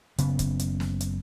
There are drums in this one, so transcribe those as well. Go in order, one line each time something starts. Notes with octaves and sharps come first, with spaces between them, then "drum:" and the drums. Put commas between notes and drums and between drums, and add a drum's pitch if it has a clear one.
F#1 C#3 B3, drum: hi-hat
drum: kick, hi-hat
drum: hi-hat
drum: snare
drum: hi-hat